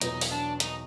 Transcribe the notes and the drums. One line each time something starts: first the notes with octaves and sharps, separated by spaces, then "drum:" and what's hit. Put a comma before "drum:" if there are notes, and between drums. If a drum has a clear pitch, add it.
E2 B2 F#3 B3 D#4, drum: hi-hat
drum: open hi-hat
D4
D#4, drum: hi-hat